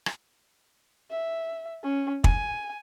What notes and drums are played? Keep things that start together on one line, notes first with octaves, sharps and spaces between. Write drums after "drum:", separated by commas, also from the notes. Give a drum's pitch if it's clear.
drum: rim click
E5
C#4
G#5, drum: kick